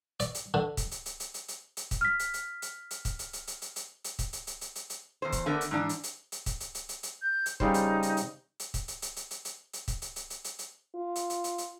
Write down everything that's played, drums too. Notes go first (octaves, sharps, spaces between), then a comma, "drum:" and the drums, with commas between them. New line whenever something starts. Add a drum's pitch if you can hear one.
D5, drum: hi-hat
drum: hi-hat
D3
drum: kick, hi-hat
drum: hi-hat
drum: hi-hat
drum: hi-hat
drum: hi-hat
drum: hi-hat
drum: hi-hat
drum: kick, hi-hat
F6 B6
drum: hi-hat
drum: hi-hat
drum: hi-hat
drum: hi-hat
drum: kick, hi-hat
drum: hi-hat
drum: hi-hat
drum: hi-hat
drum: hi-hat
drum: hi-hat
drum: hi-hat
drum: kick, hi-hat
drum: hi-hat
drum: hi-hat
drum: hi-hat
drum: hi-hat
drum: hi-hat
E2 C5
drum: kick, hi-hat
D3 A3 B3 D4 A#4
drum: hi-hat
G#2 E3 D4
drum: hi-hat
drum: hi-hat
drum: hi-hat
drum: kick, hi-hat
drum: hi-hat
drum: hi-hat
drum: hi-hat
drum: hi-hat
G6
drum: hi-hat
C#3 G3 D#4 C5, drum: kick
drum: hi-hat
drum: hi-hat
drum: hi-hat
drum: hi-hat
drum: kick, hi-hat
drum: hi-hat
drum: hi-hat
drum: hi-hat
drum: hi-hat
drum: hi-hat
drum: hi-hat
drum: kick, hi-hat
drum: hi-hat
drum: hi-hat
drum: hi-hat
drum: hi-hat
drum: hi-hat
F4
drum: hi-hat
drum: hi-hat
drum: hi-hat
drum: hi-hat